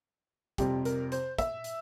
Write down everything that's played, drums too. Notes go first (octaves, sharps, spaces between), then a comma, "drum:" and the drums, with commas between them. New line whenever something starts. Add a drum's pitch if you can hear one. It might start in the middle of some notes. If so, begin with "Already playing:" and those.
F2 C3 G3 G4, drum: kick, hi-hat
A#4, drum: hi-hat
C5, drum: hi-hat
E5, drum: kick, hi-hat
drum: hi-hat